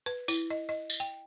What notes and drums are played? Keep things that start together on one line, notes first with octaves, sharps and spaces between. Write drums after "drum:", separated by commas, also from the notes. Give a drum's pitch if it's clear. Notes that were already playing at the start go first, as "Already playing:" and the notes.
B4
E4, drum: tambourine
D#5
D#5
drum: tambourine
G5